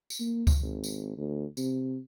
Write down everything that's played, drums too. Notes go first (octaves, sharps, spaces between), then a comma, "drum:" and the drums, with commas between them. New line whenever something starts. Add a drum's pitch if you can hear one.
drum: tambourine
A#3
drum: kick C#2, tambourine
G#1
drum: tambourine
D2
C3, drum: tambourine